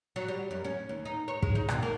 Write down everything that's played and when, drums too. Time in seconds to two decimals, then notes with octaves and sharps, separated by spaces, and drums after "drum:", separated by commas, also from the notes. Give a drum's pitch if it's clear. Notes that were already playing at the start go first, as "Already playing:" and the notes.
0.16 F#3
0.28 G3
0.51 F#2
0.64 C#4
0.89 D#2
1.05 D#4
1.28 C#5
1.42 G#3, drum: kick
1.55 D#4
1.68 B2, drum: rim click
1.83 A#3